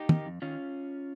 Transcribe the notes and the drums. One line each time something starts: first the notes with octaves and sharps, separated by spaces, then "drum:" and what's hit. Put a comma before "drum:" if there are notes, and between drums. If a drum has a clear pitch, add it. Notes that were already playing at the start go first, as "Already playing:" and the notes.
Already playing: D#4 G4
D#3, drum: tom
F2
D#3 C#4 F4